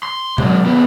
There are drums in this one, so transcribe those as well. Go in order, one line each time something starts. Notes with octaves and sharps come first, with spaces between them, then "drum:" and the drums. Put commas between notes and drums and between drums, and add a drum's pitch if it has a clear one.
C6
G#2 F#3, drum: tom
D#2 B3